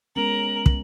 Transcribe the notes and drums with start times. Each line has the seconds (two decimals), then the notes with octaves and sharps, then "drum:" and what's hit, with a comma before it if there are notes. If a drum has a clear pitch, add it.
0.16 G#3 B3 C#4 A#4 F#7
0.66 drum: kick